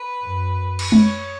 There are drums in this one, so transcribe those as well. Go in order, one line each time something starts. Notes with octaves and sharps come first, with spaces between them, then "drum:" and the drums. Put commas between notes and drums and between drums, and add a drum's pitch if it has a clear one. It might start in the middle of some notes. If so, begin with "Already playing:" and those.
Already playing: B4
F#2
drum: cymbal
C#5, drum: tom G#3